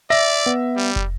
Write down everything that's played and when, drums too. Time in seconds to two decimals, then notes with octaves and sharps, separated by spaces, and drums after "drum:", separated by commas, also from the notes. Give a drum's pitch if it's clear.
0.10 D5 E5 A#6
0.46 B3
0.77 G3
0.96 drum: kick